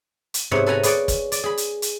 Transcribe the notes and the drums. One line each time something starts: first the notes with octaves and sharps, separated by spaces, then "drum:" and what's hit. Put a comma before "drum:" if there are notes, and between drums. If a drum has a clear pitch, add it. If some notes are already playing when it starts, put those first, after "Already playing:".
drum: hi-hat
G#2 C3 B3 C#5 E5 F#5
A4 B4 F#5 G#5 A#5 B5
G#4 B4 C#5 D5, drum: hi-hat
drum: kick, hi-hat
D5, drum: hi-hat
G#4 B5
drum: hi-hat
drum: hi-hat